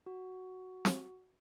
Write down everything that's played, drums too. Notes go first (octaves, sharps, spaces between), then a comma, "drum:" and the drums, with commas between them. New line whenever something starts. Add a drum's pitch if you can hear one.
F#4
drum: snare